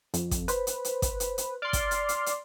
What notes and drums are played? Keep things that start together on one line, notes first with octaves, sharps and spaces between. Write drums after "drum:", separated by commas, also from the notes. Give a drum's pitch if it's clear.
F2, drum: hi-hat
drum: kick, hi-hat
B4 C5, drum: hi-hat
drum: hi-hat
drum: hi-hat
drum: kick, hi-hat
drum: hi-hat
drum: hi-hat
D5 C6 F6
drum: kick, hi-hat
drum: hi-hat
drum: hi-hat
drum: hi-hat